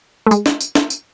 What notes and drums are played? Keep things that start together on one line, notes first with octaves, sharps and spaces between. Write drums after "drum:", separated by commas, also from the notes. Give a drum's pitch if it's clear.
A3
G#3, drum: tambourine
drum: snare
drum: tambourine
drum: snare
drum: tambourine